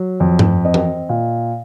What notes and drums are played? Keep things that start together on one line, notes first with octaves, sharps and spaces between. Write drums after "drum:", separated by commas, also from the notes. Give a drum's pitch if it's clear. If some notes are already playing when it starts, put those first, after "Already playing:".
Already playing: F#3
F2
drum: tom G2
C4 D#5
drum: tom E3
A#2